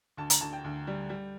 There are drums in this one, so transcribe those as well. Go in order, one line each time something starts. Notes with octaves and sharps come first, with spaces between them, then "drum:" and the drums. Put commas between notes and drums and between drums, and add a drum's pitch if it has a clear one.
D2 A5
A#5, drum: hi-hat
D2 A5
G5
D2
G3
G3